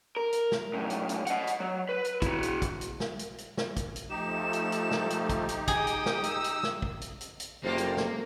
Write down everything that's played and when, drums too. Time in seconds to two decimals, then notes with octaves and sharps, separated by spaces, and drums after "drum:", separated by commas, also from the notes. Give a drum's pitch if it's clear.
0.17 A#4
0.33 drum: hi-hat
0.52 drum: snare
0.74 F#2 A2
0.90 drum: hi-hat
1.09 drum: hi-hat
1.27 D#5 F#5, drum: hi-hat
1.47 drum: hi-hat
1.60 F#3
1.89 B4
2.05 drum: hi-hat
2.22 E4 F#4, drum: kick, hi-hat
2.43 drum: hi-hat
2.62 drum: kick, hi-hat
2.81 drum: hi-hat
3.00 drum: snare
3.19 drum: hi-hat
3.38 drum: hi-hat
3.57 drum: snare
3.77 drum: kick, hi-hat
3.96 drum: hi-hat
4.09 F3 A3 D#4 G4 E7
4.53 drum: hi-hat
4.72 drum: hi-hat
4.91 drum: snare
5.10 drum: hi-hat
5.29 drum: kick, hi-hat
5.49 drum: hi-hat
5.68 G#4 G5 D#6, drum: kick, hi-hat
5.87 drum: hi-hat
6.06 drum: snare
6.23 E6, drum: hi-hat
6.44 drum: hi-hat
6.63 drum: snare
6.82 drum: kick
7.01 drum: hi-hat
7.21 drum: hi-hat
7.40 drum: hi-hat
7.63 F#1 C3 A3 A#3 F4 G4
7.78 drum: hi-hat
7.97 drum: snare